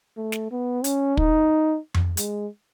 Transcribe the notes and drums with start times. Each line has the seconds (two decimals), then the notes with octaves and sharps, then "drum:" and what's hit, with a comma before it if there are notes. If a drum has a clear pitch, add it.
0.17 A3
0.32 drum: snare
0.51 B3
0.84 C#4, drum: hi-hat
1.17 D#4, drum: kick
1.94 drum: tom F2
2.17 G#3, drum: hi-hat